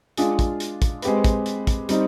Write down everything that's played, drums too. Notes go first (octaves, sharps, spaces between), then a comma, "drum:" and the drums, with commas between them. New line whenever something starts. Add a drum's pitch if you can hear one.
G#3 D4 F4 G#4, drum: hi-hat
drum: kick, hi-hat
drum: hi-hat
drum: kick, hi-hat
G#3 C4 G4 B4, drum: hi-hat
drum: kick, hi-hat
drum: hi-hat
drum: kick, hi-hat
G3 C4 D#4, drum: hi-hat